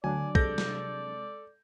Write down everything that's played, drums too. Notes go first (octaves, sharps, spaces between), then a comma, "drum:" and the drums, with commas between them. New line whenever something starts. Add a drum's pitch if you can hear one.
D2 D3 F#3 D4 D5 G#5
C3 G#3 A4 D6 G6 A#6, drum: kick
drum: snare